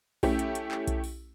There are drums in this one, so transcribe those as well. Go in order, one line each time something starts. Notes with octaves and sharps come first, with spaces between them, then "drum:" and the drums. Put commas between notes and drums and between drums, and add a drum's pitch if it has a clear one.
A3 C#4 E4 G4, drum: kick B1, open hi-hat
drum: hi-hat
drum: hi-hat
drum: clap
drum: kick B1, hi-hat
drum: open hi-hat